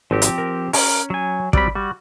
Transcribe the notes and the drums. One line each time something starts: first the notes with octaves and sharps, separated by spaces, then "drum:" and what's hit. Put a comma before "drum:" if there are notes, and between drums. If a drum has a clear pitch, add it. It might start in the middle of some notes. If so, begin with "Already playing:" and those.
G#1 F3 C4 F#4 G4
drum: hi-hat
A#4
C#4 A#4, drum: open hi-hat
F#3 G#5
F#3 G3 C4 D5 B5, drum: kick
G3 F#4